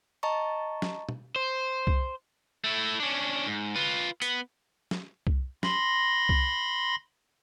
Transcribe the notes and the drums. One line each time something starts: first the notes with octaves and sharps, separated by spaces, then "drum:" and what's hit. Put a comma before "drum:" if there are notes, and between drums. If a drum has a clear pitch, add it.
D#5 A5 A#5 C#6
drum: snare
drum: tom
C5
drum: kick C2
A3 E4
C#4 D4
G#2
F4 B4
B3, drum: hi-hat
drum: snare
drum: kick C2
B5 C6 A#6, drum: snare
drum: kick C2